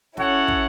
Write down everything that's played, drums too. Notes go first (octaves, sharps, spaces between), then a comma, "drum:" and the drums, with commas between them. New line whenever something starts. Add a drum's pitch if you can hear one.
C#4 E4 F#4 A4 C#5 F#5, drum: snare
drum: kick